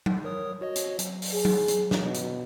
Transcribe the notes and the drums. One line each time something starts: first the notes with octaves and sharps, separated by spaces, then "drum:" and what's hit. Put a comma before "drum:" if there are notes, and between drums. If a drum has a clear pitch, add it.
drum: tom F#3
A#4 C#5 D#6
F#4 C#5 D#5
drum: hi-hat
F#3, drum: hi-hat
drum: open hi-hat
G#4
drum: tom F#3
drum: hi-hat
drum: snare
B2
drum: hi-hat